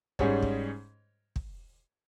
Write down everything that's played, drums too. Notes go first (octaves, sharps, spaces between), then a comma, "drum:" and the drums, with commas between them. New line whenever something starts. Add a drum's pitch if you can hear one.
G#2 G3 C#4 G#4 C#5, drum: kick
drum: kick
drum: kick